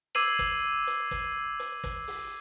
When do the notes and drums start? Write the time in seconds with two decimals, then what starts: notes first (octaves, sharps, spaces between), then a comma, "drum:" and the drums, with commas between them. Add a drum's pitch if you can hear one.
0.15 D6 E6 G#6 C7 D#7 F#7, drum: hi-hat
0.39 drum: kick, hi-hat
0.87 drum: hi-hat
1.11 drum: kick, hi-hat
1.59 drum: hi-hat
1.84 drum: kick, hi-hat
2.08 drum: open hi-hat